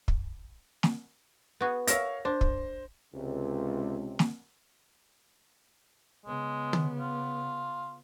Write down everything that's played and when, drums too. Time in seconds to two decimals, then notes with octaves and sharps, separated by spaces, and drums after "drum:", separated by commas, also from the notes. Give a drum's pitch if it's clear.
0.08 drum: kick
0.83 drum: snare
1.61 B3 F#4 G#4
1.87 A#4 C#5 E5 F5 A#6, drum: hi-hat
2.25 D4 C5
2.41 drum: kick
3.14 C#2 C3
4.19 drum: snare
6.26 C#3 G#3 B3
6.73 drum: tom
6.99 F4